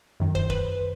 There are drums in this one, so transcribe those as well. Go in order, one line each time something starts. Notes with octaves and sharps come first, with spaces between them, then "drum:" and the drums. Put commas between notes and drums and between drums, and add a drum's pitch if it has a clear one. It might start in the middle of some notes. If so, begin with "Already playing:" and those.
F#2 D#3
C5, drum: kick
B4, drum: kick